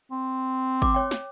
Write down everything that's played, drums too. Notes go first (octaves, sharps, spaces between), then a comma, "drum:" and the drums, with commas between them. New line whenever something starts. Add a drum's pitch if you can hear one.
C4
D6, drum: kick G#1
C#5 G5
drum: snare